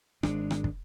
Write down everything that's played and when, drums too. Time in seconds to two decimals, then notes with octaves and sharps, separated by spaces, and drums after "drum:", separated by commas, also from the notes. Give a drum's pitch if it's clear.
0.23 G#1 G#3 D4, drum: rim click
0.51 drum: rim click
0.64 drum: kick